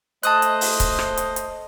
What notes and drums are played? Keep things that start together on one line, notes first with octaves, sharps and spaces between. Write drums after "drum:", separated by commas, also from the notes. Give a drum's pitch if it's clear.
A3 C5 D#5 A5 D#6 F#6, drum: hi-hat
drum: hi-hat
drum: open hi-hat
drum: kick C#1, hi-hat
drum: rim click
drum: hi-hat
drum: hi-hat